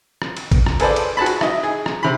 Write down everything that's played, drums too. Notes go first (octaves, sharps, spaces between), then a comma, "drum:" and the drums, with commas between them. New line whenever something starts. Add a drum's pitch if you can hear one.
drum: rim click
drum: cymbal
drum: kick A1, cymbal
drum: rim click
G#4 A4 B4 C5 D5, drum: cymbal
drum: cymbal
F#4 G#4 A5 B5
drum: cymbal
E4 D#5, drum: rim click
G#4
drum: rim click
C3 B5